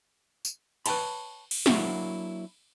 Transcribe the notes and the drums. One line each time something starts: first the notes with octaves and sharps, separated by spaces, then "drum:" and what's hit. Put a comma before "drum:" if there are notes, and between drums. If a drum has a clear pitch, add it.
drum: tambourine
B4 C#5 G5 A5 B5, drum: cymbal
drum: cymbal
F#3 A#3 D4 E4 F#4, drum: snare